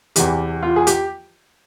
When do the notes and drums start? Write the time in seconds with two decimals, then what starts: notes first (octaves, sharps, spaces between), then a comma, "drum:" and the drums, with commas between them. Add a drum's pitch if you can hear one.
0.16 E2 C3 E3 G4, drum: hi-hat
0.63 F4
0.76 G#4
0.87 G4, drum: hi-hat